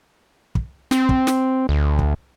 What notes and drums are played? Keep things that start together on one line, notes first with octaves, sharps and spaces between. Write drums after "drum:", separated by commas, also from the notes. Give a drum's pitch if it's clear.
drum: kick
C4, drum: snare
drum: kick
drum: snare
D2
drum: kick